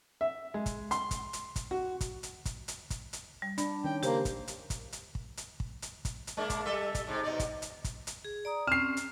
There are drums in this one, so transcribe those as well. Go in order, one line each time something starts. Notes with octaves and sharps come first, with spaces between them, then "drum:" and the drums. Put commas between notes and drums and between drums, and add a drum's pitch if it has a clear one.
E5
G#3
drum: kick, hi-hat
C6, drum: hi-hat
drum: kick, hi-hat
drum: hi-hat
drum: kick, hi-hat
F#4
drum: kick, hi-hat
drum: hi-hat
drum: kick, hi-hat
drum: hi-hat
drum: kick, hi-hat
drum: hi-hat
G3
D4 B5, drum: hi-hat
D#3 C#4 G5
C#3 A#3 G4 C5, drum: hi-hat
drum: kick, hi-hat
drum: hi-hat
drum: kick, hi-hat
drum: hi-hat
drum: kick
drum: hi-hat
drum: kick
drum: hi-hat
drum: kick, hi-hat
drum: hi-hat
G#3 A#3 D4
drum: kick, hi-hat
G3 A4 E5
drum: kick, hi-hat
G#2 C3
B2 D#4 D5
drum: kick, hi-hat
drum: hi-hat
drum: kick, hi-hat
drum: hi-hat
G#4
D5 A#5 D#6
C4 C#4 F6 C7
drum: hi-hat